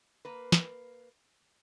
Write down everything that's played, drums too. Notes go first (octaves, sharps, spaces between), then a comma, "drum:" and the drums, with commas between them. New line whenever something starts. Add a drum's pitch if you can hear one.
A#3 B4
drum: snare